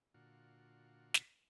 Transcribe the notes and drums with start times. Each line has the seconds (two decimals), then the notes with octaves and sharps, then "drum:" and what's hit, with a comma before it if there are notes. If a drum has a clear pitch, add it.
0.14 A#2 D3 F4 F#4
1.14 drum: snare